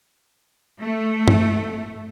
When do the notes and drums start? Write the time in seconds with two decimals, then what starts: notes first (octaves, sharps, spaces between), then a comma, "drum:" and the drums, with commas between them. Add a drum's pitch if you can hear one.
0.79 A3
1.28 drum: tom G2